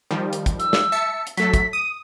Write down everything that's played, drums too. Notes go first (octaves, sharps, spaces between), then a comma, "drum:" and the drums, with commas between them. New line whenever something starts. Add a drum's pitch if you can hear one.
D#3 F3 G3
drum: hi-hat
drum: kick, hi-hat
E6, drum: hi-hat
drum: snare
E5 A5 C#7
drum: hi-hat
F#3 A3 A4 B6, drum: hi-hat
drum: kick, hi-hat
D#6 D#7